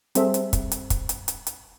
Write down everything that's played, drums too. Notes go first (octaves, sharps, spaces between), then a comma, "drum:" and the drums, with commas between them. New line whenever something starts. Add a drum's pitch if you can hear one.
G3 C4 G#4 A4 C5 E5, drum: hi-hat
drum: hi-hat
drum: kick, hi-hat
drum: hi-hat
drum: kick, hi-hat
drum: hi-hat
drum: hi-hat
drum: hi-hat